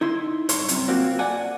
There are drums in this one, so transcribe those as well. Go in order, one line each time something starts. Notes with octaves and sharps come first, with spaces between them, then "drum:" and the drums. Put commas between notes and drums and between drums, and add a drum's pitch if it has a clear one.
D#4 E4 C6
G2 C#5 C6, drum: hi-hat
C2 F#2 C3, drum: hi-hat
A#3 C4 F4 F#4
D5 F#5 G#5